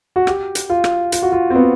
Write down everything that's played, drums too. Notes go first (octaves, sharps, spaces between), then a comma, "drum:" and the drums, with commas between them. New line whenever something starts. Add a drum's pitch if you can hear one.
F#4
G4, drum: rim click
drum: hi-hat
F4
drum: rim click
F4, drum: hi-hat
F#4
F4
C4
B3